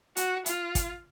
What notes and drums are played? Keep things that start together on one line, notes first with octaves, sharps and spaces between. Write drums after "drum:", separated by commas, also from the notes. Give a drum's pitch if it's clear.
F#4, drum: hi-hat
F4, drum: hi-hat
drum: kick, hi-hat